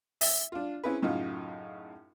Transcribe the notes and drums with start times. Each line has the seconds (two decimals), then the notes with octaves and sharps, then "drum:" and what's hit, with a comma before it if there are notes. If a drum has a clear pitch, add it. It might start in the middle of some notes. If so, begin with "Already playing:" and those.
0.21 E5, drum: open hi-hat
0.52 D4 F4
0.84 C4 C#4 E4 G#4 B4
1.02 F#2 A2 C#3 D#4 F4